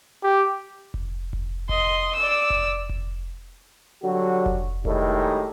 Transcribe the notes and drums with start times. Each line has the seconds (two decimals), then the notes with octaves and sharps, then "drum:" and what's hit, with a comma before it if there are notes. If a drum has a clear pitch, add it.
0.23 G4
0.94 drum: kick F1
1.33 drum: kick F1
1.69 D#5 C6, drum: kick F1
2.15 D5 E6
2.50 drum: kick F1
2.89 drum: kick F1
4.03 D3 F#3 G3 F#4
4.46 drum: kick F1
4.85 A2 D#3 G3 G#3 D#4, drum: kick F1